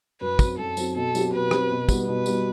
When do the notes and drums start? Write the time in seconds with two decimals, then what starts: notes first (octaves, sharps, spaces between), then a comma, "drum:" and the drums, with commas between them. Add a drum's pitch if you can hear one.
0.21 F#2 B4
0.39 F#3 C4 F#4, drum: kick, tambourine
0.58 F#2 A4
0.77 F#3 C4 F#4, drum: tambourine
0.95 B2 A4
1.15 F#3 C4 G4, drum: tambourine
1.33 B2 B4
1.51 F#3 C4 G4, drum: rim click
1.71 B2
1.89 G3 B3 F#4, drum: kick, tambourine
2.08 B2 B4
2.26 G3 B3 F#4, drum: tambourine